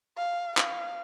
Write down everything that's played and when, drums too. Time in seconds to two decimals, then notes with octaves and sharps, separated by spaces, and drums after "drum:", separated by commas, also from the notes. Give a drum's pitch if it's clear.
0.17 F5
0.57 F5, drum: clap